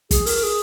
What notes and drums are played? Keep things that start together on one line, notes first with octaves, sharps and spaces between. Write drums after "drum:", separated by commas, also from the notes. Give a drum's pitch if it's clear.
G#4, drum: kick, hi-hat
A#4, drum: open hi-hat
G#4